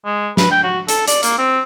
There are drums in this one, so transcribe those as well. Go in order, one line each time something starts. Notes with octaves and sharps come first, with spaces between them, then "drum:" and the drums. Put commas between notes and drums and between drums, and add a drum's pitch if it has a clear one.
G#3
B4, drum: snare
G5
F#4
A4, drum: hi-hat
D5, drum: hi-hat
A#3, drum: hi-hat
C4